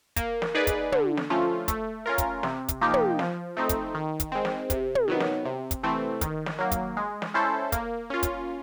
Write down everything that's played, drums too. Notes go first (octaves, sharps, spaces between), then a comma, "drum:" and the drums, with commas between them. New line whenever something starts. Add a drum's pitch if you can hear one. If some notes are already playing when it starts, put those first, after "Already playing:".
A#3, drum: kick, hi-hat
drum: snare
D#4 G#4 B4 D5
drum: kick, hi-hat
D3, drum: tom
drum: snare
F3 A3 C#4 F4
A3, drum: kick, hi-hat
C#4 F4 A#4
drum: kick, hi-hat
C3, drum: snare
drum: kick, hi-hat
F3 A#3 D#4 G4
drum: tom
F3, drum: snare
A3 C4 D#4
drum: kick, hi-hat
D#3
drum: kick, hi-hat
G#3 C4
drum: snare
C3, drum: kick, hi-hat
drum: tom
D#3 F#3 B3
drum: snare
C3
drum: kick, hi-hat
E3 A3 C4
D#3, drum: kick, hi-hat
drum: snare
F#3 A#3
drum: kick, hi-hat
G#3
drum: snare
C#4 E4 A4 C5
A#3, drum: kick, hi-hat
C#4 F4
drum: kick, hi-hat